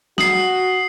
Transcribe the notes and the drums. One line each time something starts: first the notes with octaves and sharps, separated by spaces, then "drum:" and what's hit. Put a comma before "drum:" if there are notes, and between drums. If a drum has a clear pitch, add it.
F#4 D#6 C7, drum: snare